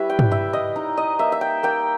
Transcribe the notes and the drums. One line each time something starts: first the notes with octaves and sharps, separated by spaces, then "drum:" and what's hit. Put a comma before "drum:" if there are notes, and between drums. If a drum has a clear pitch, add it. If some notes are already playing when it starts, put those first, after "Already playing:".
Already playing: G3 E4 B4 C#5 E5
G5
drum: tom
E4 E5
D#5
D#4
D#5
A#3 E5
E5
G5
A#3 G5